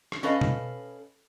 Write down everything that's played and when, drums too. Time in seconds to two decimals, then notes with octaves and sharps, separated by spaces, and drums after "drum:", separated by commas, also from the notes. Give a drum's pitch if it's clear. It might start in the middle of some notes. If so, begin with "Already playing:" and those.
0.12 drum: rim click
0.23 C#4 A4 B4 D#5 F5
0.41 drum: tom